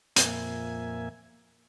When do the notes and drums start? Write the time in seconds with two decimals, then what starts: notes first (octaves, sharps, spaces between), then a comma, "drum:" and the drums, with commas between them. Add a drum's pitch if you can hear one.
0.16 F2 A#2 A#3 E5 G#5, drum: hi-hat